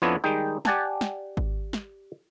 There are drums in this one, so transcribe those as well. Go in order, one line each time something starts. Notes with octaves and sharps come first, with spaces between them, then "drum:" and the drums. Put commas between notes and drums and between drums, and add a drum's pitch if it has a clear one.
F2 F3 B3 D4 E4 C#5
D#3 G3 G#3 D#4 G5
G4 D5 F#5 G#5 A5, drum: snare
drum: snare
drum: kick G#1
drum: snare